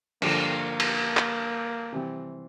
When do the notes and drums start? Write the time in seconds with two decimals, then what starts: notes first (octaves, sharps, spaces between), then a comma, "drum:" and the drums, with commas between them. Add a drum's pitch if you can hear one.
0.22 G2 D3 F3 A#3, drum: cymbal
0.80 drum: cymbal
1.17 drum: clap
1.92 C3 E3 G3 C4